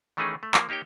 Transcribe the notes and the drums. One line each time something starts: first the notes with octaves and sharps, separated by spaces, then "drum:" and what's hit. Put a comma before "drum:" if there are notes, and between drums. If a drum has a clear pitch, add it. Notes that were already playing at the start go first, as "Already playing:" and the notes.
D#3 E3 A3 C#4 D#4 G#4
A3
F3 A#3, drum: clap
A#3 D#4 G4 C#5 G5